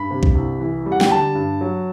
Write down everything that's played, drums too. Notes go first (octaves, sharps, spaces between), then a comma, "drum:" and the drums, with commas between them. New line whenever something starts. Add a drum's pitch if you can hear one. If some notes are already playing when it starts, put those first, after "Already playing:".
Already playing: G2 B5
C3
drum: kick B1
C2
E3
G3
F#5
G5, drum: snare
D3 A5
G2
F#3